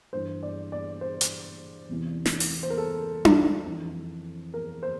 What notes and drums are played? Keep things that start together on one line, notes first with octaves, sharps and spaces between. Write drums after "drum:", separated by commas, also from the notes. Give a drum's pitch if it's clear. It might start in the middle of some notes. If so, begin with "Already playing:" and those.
G2 E3 C5
D5
D5
C5
drum: hi-hat
E2 C3 E3
drum: snare
drum: open hi-hat
C5
A#4
A4
drum: tom D4
F2 E3
A#4
C5